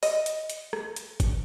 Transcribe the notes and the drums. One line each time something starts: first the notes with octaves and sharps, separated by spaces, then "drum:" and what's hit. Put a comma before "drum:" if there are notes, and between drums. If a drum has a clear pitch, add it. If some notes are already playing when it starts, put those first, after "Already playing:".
D#5, drum: open hi-hat
drum: hi-hat
drum: hi-hat
drum: rim click
drum: hi-hat
drum: kick G1, hi-hat